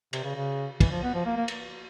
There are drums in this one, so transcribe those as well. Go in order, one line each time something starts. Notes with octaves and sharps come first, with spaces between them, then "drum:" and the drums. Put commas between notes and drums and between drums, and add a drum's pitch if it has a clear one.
C3, drum: cymbal
C#3
C#3
E3, drum: kick, cymbal
F3
B3
F3
A#3
A#3
drum: cymbal